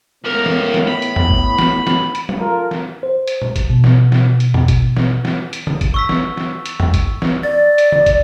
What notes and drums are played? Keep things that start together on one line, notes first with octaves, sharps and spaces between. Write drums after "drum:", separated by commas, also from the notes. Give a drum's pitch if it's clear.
C#2 A2 B3 A#4
drum: snare
drum: snare
B5
drum: hi-hat
drum: tom E2
drum: kick
drum: snare
drum: snare
drum: hi-hat
drum: tom
F4 A4 A#4
drum: snare
C5
drum: hi-hat
drum: tom A#2
drum: kick, hi-hat
B2
drum: snare
drum: snare
drum: hi-hat
drum: tom E2
drum: kick, hi-hat
drum: snare
drum: snare
drum: hi-hat
drum: tom
drum: kick, hi-hat
C#6 E6 B6
drum: snare
drum: snare
drum: hi-hat
drum: tom E2
drum: kick, hi-hat
drum: snare
D5 A6
drum: hi-hat
drum: tom
drum: kick, hi-hat